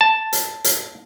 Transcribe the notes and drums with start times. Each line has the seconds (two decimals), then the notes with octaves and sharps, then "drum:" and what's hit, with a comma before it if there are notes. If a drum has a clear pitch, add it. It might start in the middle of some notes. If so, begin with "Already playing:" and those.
0.01 A5
0.33 drum: hi-hat
0.64 drum: hi-hat